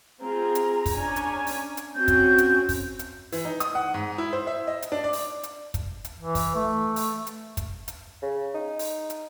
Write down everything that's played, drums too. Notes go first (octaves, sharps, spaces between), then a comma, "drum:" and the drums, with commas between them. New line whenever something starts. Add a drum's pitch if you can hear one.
C4 F4 G#4 A#5
drum: hi-hat
drum: kick, open hi-hat
C#4 D4 G#5
drum: hi-hat
drum: open hi-hat
drum: hi-hat
C4 C#4 F#4 G6
drum: kick, hi-hat
drum: hi-hat
drum: kick, open hi-hat
drum: hi-hat
E3, drum: open hi-hat
D#4
D#6, drum: hi-hat
F#5
G#2
E4
C5
E5
D#5
drum: hi-hat
D4
D5
drum: open hi-hat
drum: hi-hat
drum: kick, hi-hat
drum: hi-hat
E3
drum: kick, open hi-hat
A3
drum: open hi-hat
drum: hi-hat
drum: kick, hi-hat
drum: hi-hat
C#3
D#4
drum: open hi-hat
drum: hi-hat